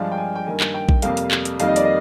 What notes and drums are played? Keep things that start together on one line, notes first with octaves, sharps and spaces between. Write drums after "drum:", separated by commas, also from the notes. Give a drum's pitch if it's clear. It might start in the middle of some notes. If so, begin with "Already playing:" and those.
Already playing: G2 F3 G#3 D4 F5
G5
G#5
G5
G2 D#3 A#3 G#5
drum: clap
G5
drum: kick A#1
F2 C3 G3 A#3 F5, drum: hi-hat
drum: hi-hat
drum: clap
drum: hi-hat
F2 D#3 G3 A#3 D#4 F5, drum: hi-hat
D#5
D5, drum: hi-hat
D#5